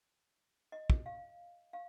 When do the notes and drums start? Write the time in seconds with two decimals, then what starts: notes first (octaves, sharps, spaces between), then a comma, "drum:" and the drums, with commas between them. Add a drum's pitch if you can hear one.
0.72 D#5
0.90 drum: kick
1.06 F5
1.73 F5